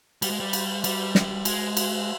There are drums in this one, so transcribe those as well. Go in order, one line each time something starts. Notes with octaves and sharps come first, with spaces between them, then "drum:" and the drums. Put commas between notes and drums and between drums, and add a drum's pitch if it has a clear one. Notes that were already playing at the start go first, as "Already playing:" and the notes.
G3, drum: cymbal
G#3
G3
drum: cymbal
G3, drum: cymbal
drum: snare
G#3, drum: cymbal
drum: cymbal